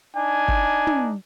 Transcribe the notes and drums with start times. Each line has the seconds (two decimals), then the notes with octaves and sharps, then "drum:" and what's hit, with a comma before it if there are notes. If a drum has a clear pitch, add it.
0.16 D4 D#4 G#5
0.48 drum: kick
0.87 drum: tom